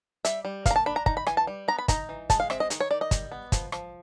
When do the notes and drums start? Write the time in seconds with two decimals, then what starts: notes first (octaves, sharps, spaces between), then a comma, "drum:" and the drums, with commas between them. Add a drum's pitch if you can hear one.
0.25 G3 E5, drum: hi-hat
0.45 G3
0.66 A#3 F5, drum: kick, hi-hat
0.71 A#5
0.76 A5
0.86 D4 B5
0.96 A#5
1.06 D#4 A#5, drum: kick
1.17 B5
1.27 E3 G#5, drum: rim click
1.37 A5
1.47 G3
1.68 B3 A#5
1.79 B5
1.88 D#4 A#5, drum: kick, hi-hat
2.09 E3
2.30 G#3 A5, drum: kick, hi-hat
2.40 F5
2.50 C4 E5, drum: rim click
2.60 D#5
2.70 D#3, drum: hi-hat
2.81 C#5
2.91 D#3 D5
3.01 D#5
3.11 G3, drum: kick, hi-hat
3.32 B3
3.52 F3, drum: kick, hi-hat
3.72 F3, drum: rim click